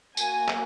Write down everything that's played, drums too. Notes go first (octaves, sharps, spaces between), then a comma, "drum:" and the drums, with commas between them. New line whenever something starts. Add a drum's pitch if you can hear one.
A#3 F#4 G#5, drum: tambourine
drum: clap